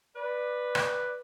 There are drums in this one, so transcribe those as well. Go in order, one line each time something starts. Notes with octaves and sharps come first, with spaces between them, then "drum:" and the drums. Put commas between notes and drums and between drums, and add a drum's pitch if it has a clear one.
B4 D5
drum: rim click